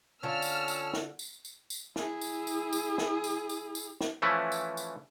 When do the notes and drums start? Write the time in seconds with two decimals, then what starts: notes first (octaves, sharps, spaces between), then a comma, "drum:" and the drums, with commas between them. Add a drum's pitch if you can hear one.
0.23 D3 C#4 F4 A5 E6 F6
0.42 drum: tambourine
0.68 drum: tambourine
0.93 drum: snare
1.19 drum: tambourine
1.45 drum: tambourine
1.70 drum: tambourine
1.96 E4 G#4, drum: snare
2.21 drum: tambourine
2.47 drum: tambourine
2.73 drum: tambourine
2.98 drum: snare
3.24 drum: tambourine
3.49 drum: tambourine
3.75 drum: tambourine
4.01 drum: snare
4.22 E3 F3 A3 C#4 E4 B4
4.52 drum: tambourine
4.77 drum: tambourine